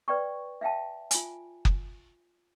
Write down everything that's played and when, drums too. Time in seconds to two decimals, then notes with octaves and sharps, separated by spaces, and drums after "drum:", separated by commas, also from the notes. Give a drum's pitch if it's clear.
0.08 B4 D5 G5 C#6
0.61 E5 F5 G5 A5
1.11 F4 G#5, drum: hi-hat
1.65 drum: kick F#1